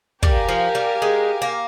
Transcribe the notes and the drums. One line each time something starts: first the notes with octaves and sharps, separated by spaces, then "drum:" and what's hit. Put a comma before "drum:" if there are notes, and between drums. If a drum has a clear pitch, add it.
G3 G4 A#4 F5 G#5, drum: kick
F3
G3
G#3
A#3